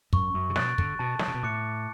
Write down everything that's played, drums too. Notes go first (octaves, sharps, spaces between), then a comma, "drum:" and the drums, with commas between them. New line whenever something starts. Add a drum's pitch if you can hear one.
F#2 C#6, drum: kick
F#2
C#3
B2 F#6 A6 D7, drum: snare
D3, drum: kick
B2 A5
D3, drum: snare
C#3
B2
A2 D6 F#6 C#7